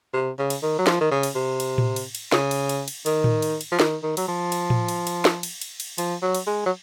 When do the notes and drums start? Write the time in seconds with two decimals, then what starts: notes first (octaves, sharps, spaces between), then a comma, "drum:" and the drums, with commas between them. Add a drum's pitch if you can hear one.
0.14 C3
0.39 C#3
0.50 drum: cymbal
0.62 D#3
0.79 F#3
0.87 F3, drum: snare
1.01 D#3
1.11 C#3
1.23 drum: cymbal
1.35 C3
1.60 drum: cymbal
1.78 drum: tom A2
1.96 drum: cymbal
2.15 drum: cymbal
2.32 C#3, drum: snare
2.51 drum: cymbal
2.69 drum: cymbal
2.88 drum: cymbal
3.06 D#3, drum: cymbal
3.24 drum: tom A2
3.42 drum: cymbal
3.61 drum: cymbal
3.72 F3
3.80 D#3, drum: snare
4.03 D#3
4.17 F#3, drum: cymbal
4.28 F3
4.52 drum: cymbal
4.70 drum: tom A2
4.88 drum: cymbal
5.07 drum: cymbal
5.25 drum: snare
5.43 drum: cymbal
5.61 drum: cymbal
5.80 drum: cymbal
5.98 F3, drum: cymbal
6.22 F#3
6.35 drum: cymbal
6.47 G#3
6.66 F#3